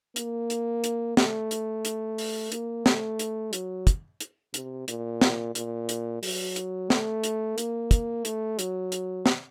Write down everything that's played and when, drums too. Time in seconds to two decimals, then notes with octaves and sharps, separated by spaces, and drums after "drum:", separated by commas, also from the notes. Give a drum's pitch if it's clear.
0.16 A#3, drum: hi-hat
0.50 drum: hi-hat
0.84 drum: hi-hat
1.17 A3, drum: snare
1.51 drum: hi-hat
1.85 drum: hi-hat
2.18 drum: open hi-hat
2.52 A#3, drum: hi-hat
2.86 A3, drum: snare
3.19 drum: hi-hat
3.53 F#3, drum: hi-hat
3.87 drum: kick, hi-hat
4.20 drum: hi-hat
4.54 C3, drum: hi-hat
4.88 A#2, drum: hi-hat
5.21 drum: snare
5.55 A#2, drum: hi-hat
5.89 drum: hi-hat
6.23 F#3, drum: open hi-hat
6.56 drum: hi-hat
6.90 A3, drum: snare
7.24 drum: hi-hat
7.58 A#3, drum: hi-hat
7.91 drum: kick, hi-hat
8.25 A3, drum: hi-hat
8.59 F#3, drum: hi-hat
8.92 drum: hi-hat
9.26 drum: snare